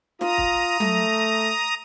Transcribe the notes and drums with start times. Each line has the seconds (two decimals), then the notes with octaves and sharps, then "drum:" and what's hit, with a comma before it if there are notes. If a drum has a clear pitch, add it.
0.21 F4 A#5 D#6, drum: snare
0.38 drum: kick
0.80 A3, drum: tom F#3